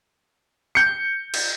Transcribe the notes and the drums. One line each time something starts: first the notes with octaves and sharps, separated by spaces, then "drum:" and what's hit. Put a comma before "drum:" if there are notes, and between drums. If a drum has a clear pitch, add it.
G6 C#7
drum: cymbal